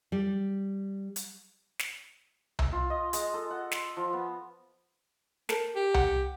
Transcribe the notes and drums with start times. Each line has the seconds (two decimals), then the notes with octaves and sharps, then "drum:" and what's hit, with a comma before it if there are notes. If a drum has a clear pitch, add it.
0.12 G3
1.16 drum: hi-hat
1.79 drum: snare
2.59 E5, drum: tom C2
2.72 F4
2.90 D#5
3.13 G#3, drum: hi-hat
3.34 A4
3.50 F#5
3.71 C6, drum: snare
3.97 F3
4.13 B3
5.49 A4 A#4 C5, drum: snare
5.76 G4
5.94 F#5, drum: tom C2